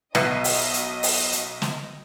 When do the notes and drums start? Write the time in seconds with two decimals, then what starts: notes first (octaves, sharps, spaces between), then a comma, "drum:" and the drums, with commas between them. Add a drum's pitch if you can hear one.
0.15 B1 B2 D#5 E5 C7, drum: snare
0.44 drum: open hi-hat
0.74 drum: hi-hat
1.03 drum: open hi-hat
1.32 drum: hi-hat
1.62 drum: snare